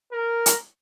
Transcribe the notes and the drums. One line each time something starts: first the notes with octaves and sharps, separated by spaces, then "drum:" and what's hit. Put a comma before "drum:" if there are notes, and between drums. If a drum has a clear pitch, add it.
A#4
drum: hi-hat